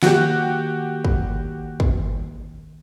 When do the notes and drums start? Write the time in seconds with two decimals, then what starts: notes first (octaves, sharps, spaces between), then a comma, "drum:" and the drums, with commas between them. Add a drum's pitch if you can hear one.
0.03 D#3 A#3 F#4 G4, drum: snare
1.05 drum: kick
1.80 drum: kick